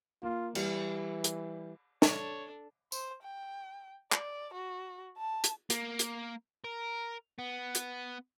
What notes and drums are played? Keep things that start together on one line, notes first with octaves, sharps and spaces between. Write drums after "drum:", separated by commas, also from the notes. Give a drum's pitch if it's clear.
A#3 F4
E3 G3, drum: cymbal
drum: hi-hat
D4 A4 C#5, drum: snare
C5, drum: tambourine
G5
D5, drum: clap
F#4
A5
drum: hi-hat
A#3, drum: hi-hat
drum: hi-hat
A#4
B3
drum: hi-hat